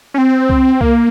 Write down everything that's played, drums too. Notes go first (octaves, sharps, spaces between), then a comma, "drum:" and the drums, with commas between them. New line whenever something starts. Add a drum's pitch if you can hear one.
C#4
C4
drum: kick C2
A#3, drum: kick C2